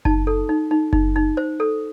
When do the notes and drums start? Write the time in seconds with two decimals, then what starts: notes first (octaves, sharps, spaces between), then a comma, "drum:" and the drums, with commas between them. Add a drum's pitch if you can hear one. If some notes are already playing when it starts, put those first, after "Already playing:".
0.05 D#4 A5, drum: kick F#1
0.27 A4
0.49 D#4
0.71 D#4
0.93 D#4, drum: kick F#1
1.16 D#4
1.37 C5
1.60 A4